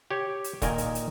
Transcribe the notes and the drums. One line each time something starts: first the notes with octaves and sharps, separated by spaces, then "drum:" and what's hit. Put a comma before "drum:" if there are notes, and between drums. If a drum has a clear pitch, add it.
G4 C#5
drum: hi-hat
A#2 D#3 A#4 D#5 G#5, drum: kick E1, hi-hat
drum: hi-hat
drum: hi-hat